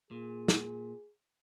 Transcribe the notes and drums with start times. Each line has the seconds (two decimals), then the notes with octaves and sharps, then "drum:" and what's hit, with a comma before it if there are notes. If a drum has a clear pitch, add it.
0.11 A#2 G#4
0.48 drum: snare